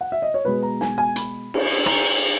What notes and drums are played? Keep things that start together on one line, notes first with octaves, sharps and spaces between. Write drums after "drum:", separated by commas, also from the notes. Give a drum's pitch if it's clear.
F#5
E5
D#5
C#5
B2 G#3 B3 B4
A#5
G#5, drum: snare
G#5
B5, drum: hi-hat
drum: cymbal
A#5, drum: rim click